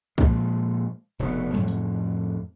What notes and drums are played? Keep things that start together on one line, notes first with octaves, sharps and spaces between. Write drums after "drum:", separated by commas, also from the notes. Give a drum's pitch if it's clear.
A#2 F3 G#3, drum: kick
F1 B2 D3 B3
F2 A2 D3, drum: tom F#3
drum: hi-hat